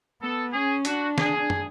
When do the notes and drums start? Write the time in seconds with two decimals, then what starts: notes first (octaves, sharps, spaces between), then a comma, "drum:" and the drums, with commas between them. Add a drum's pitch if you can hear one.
0.22 B3 A4
0.53 C#4 G#4
0.85 D4 F#4, drum: hi-hat
1.18 G#4, drum: snare
1.50 drum: tom